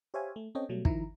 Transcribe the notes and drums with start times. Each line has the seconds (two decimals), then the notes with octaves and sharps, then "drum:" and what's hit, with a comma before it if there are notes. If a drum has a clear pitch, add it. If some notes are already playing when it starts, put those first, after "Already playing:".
0.14 G4 C5 C#5 E5 F5 G#5
0.36 A3
0.55 C4 C#4 A4 C#5 D#5 G5
0.69 B2 F#3 G3 A3
0.85 D#3 F3 E4 A#5, drum: kick